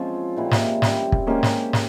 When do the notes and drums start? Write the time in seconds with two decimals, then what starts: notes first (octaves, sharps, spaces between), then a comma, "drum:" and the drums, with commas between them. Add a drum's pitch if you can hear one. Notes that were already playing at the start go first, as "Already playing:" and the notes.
Already playing: F3 G#3 C4 C#4 F4
0.36 A#2 G#3 E4 G4
0.51 drum: snare
0.82 C#3 G3 C4 G4, drum: snare
1.12 drum: kick
1.27 G#3 A#3 C4 C#4 G4 C5
1.43 drum: snare
1.73 drum: snare